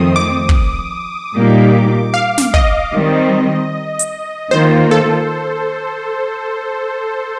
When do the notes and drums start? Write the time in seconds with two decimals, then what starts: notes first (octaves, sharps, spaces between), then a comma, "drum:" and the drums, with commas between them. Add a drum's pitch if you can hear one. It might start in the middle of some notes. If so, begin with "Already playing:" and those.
Already playing: F2 D#3 A3 C4 D#6
0.16 D6
0.49 drum: kick
1.35 A#2 G3 A#3 D#4 G4
2.14 F5
2.38 drum: snare
2.54 D#5, drum: kick
2.93 D#3 G3 C4
3.99 drum: hi-hat
4.51 D#3 A#3 F4 C5
4.91 A4